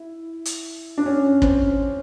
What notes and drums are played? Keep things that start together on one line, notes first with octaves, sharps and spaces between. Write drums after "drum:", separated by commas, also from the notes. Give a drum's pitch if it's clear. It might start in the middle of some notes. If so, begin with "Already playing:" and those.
Already playing: E4
drum: hi-hat
D4
C#4
C4, drum: kick